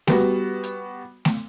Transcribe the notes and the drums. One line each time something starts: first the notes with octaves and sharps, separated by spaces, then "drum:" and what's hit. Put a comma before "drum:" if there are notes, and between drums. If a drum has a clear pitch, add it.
G3 B3 F#4, drum: snare A3
drum: hi-hat
drum: snare A3